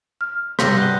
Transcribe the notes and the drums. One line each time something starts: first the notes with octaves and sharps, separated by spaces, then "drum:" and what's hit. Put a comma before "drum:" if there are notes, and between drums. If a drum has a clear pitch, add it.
F6
C3 G3 G6 A#6, drum: rim click
B3 F#6 G7